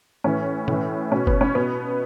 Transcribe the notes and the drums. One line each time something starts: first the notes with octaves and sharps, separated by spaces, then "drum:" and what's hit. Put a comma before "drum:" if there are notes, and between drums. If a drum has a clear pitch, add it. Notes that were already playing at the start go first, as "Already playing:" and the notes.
A2 E3 C#4
A2 E3, drum: tom
B2 C#4
B3, drum: kick F#1
C#4
B2 B3